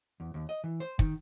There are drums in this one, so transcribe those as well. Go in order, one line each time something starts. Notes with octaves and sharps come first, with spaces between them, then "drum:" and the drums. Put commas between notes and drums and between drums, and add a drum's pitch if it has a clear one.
E2
D#2
D#5
E3
C5
D#3, drum: kick